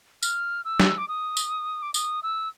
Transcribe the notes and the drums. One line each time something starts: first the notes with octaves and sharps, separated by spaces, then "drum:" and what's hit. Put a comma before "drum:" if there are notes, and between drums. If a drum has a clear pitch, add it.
F6, drum: tambourine
E6
drum: snare
D6
D#6
drum: tambourine
D6
D#6, drum: tambourine
E6